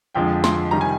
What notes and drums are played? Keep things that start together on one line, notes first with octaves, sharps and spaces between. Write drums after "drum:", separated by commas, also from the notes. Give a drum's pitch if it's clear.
F2 D3 F3 G#3 G5
C6, drum: snare
C3 D#3 G3 A#5
G#5